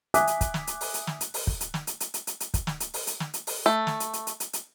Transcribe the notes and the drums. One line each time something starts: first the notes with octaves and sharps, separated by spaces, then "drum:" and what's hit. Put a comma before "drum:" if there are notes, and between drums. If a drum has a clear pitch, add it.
E5 G#5 D6 D#6 F#6 B6, drum: hi-hat
drum: hi-hat
drum: kick, hi-hat
drum: snare
drum: hi-hat
drum: open hi-hat
drum: hi-hat
drum: snare
drum: hi-hat
drum: open hi-hat
drum: kick
drum: hi-hat
drum: snare
drum: hi-hat
drum: hi-hat
drum: hi-hat
drum: hi-hat
drum: hi-hat
drum: kick, hi-hat
drum: snare
drum: hi-hat
drum: open hi-hat
drum: hi-hat
drum: snare
drum: hi-hat
drum: open hi-hat
A3
drum: snare
drum: hi-hat
drum: hi-hat
drum: hi-hat
drum: hi-hat
drum: hi-hat